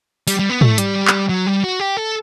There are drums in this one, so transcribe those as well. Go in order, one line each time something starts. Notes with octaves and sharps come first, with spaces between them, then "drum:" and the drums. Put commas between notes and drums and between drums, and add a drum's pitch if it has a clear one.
G3, drum: tambourine
G3
B3
A3, drum: tom
G3, drum: hi-hat
drum: clap
F#3
G3
F#4
G4
A4